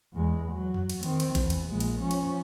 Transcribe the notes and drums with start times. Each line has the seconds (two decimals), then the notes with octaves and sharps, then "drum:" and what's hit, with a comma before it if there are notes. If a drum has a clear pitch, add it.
0.14 E2 G#3
0.52 F#3
0.74 drum: tom F2
0.90 drum: cymbal
1.03 D#3 C4, drum: cymbal
1.20 drum: cymbal
1.35 E2, drum: kick G#1, cymbal
1.50 drum: cymbal
1.69 A#1 G#3
1.80 drum: cymbal
2.01 F3 C#4
2.11 drum: cymbal